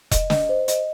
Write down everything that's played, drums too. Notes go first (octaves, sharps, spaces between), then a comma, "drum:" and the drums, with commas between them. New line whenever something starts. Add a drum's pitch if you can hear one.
D#5, drum: kick E1, hi-hat
D#5, drum: snare
C5
D#5, drum: hi-hat